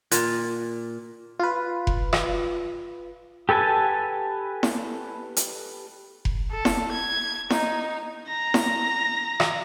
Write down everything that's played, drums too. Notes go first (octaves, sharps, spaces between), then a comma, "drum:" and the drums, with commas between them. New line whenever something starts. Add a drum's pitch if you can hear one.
A#2, drum: hi-hat
F4 B4
drum: kick F1
drum: rim click
G4 A4 B4 G#5 A5
drum: snare E4
drum: hi-hat
drum: kick F1
A4
drum: snare E4
G#6
D#4, drum: snare E4
A#5 A#6
drum: snare E4
drum: rim click